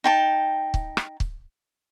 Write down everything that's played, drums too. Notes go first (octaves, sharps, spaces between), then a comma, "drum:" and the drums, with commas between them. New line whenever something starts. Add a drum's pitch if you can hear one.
D#4 G5 A5
drum: kick
drum: rim click
drum: kick